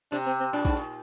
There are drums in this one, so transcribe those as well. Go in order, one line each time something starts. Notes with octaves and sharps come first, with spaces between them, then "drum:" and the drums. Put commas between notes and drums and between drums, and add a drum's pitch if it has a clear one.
C3 D4
C4
C4
A#2 D4
G#2, drum: kick
A#2